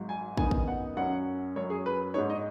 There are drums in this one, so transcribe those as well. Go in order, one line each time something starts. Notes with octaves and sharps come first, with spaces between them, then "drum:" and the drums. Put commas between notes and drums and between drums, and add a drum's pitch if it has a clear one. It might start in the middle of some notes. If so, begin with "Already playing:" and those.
Already playing: G#1 G#2 F#3
G#5
F#2 D#3 B3 D#4 G#5, drum: kick
drum: kick
F#5
F#2 F#3 C#4 F#5
F#2 F#3 C#4 C#5
G#4
B4
G#2 G#3 D#4 C#5
D#5